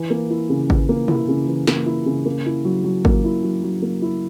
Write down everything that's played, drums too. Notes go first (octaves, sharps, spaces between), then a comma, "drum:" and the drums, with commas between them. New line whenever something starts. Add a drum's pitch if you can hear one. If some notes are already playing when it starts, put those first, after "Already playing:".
Already playing: E3
A#3
E4
C#3
E3, drum: kick G#1
A#3
E4, drum: tom B2
C#3
E3
A#3, drum: snare
E4
C#3
A#3
E4
F#3
F#3
A#3, drum: kick G#1
E4
F#3
F#3
A#3
E4